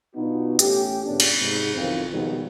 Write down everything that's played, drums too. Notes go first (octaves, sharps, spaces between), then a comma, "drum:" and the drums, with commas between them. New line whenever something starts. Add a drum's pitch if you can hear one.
B2 B3 D4 D#4 F4 F#4
A1 A3 C#4 G4, drum: hi-hat
G2 A#2 C#3 B3 C#4 D4
drum: cymbal
G#2 C3
B1 F2 D#3 E3 C4 F4
B2 D#3 F3 G3 G#3